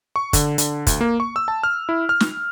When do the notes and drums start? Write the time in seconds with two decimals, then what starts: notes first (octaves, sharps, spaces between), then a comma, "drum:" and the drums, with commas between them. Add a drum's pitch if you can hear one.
0.16 C#6
0.33 D3, drum: kick, hi-hat
0.58 D3, drum: hi-hat
0.87 D2, drum: kick, hi-hat
1.01 A#3
1.20 C#6
1.36 E6
1.48 A5
1.63 F6
1.89 E4
2.09 F6
2.20 drum: snare